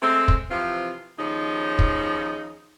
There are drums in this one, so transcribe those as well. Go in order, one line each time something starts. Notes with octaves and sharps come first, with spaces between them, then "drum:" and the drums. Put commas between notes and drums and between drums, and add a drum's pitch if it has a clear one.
G#3 A3 C4
drum: kick
C3 E3 F3 C4 F4
D#2 C#3 F3 D#4
drum: kick